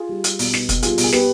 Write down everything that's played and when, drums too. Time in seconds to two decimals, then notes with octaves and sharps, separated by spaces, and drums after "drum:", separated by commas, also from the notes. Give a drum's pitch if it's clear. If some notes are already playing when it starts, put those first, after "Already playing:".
Already playing: F4 G#4
0.09 G3
0.24 G3, drum: hi-hat
0.39 B1, drum: open hi-hat
0.54 B2, drum: snare
0.69 B1, drum: kick, hi-hat
0.82 G3 F4 G#4, drum: hi-hat
0.98 B1, drum: open hi-hat
1.04 G#4
1.12 B2 G4 B4, drum: snare